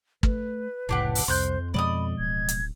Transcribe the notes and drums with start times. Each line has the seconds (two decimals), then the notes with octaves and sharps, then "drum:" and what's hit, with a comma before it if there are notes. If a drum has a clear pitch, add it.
0.23 A3 B4, drum: kick
0.89 F1 C#2 A2 D4 G4 F#5
1.15 drum: open hi-hat
1.28 C2 F2 C5 C6 F#6 G6
1.74 B2 F3 G#3 D5 D#5 B5 D#6
2.19 D1 G#6
2.49 drum: hi-hat